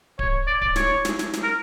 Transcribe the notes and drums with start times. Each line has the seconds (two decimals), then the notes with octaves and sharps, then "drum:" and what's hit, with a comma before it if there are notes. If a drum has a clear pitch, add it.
0.19 C#5, drum: kick D1
0.47 D5
0.62 D5, drum: kick D1
0.76 C#5, drum: snare
1.05 drum: snare
1.19 drum: snare
1.33 drum: snare
1.43 A#4